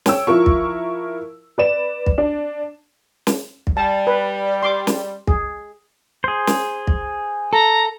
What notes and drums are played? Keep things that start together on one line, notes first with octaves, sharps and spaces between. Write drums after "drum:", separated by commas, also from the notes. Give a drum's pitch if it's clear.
C#5 G5 E6, drum: snare
F3 E4 F4 A#4 C#6
drum: kick
B4 D5 E7
drum: kick
D4
drum: snare
drum: kick
G3 A5
B4
C6 D6
drum: snare
G#4, drum: kick
G#4 C5
drum: snare
drum: kick
A4 A#5